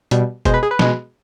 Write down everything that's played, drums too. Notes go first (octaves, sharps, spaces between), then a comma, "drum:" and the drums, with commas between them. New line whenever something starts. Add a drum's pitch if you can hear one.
B2 G3, drum: hi-hat
B2 G#3 C5, drum: kick F#1, hi-hat
B4
G#4
B4
B2 G#3, drum: snare